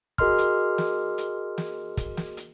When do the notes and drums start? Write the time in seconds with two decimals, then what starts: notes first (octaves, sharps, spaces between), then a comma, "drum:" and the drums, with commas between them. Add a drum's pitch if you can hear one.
0.18 F#4 G#4 A#4 D#5 C6 F6, drum: kick
0.38 drum: hi-hat
0.78 drum: snare
1.18 drum: hi-hat
1.58 drum: snare
1.97 drum: kick, hi-hat
2.17 drum: snare
2.37 drum: hi-hat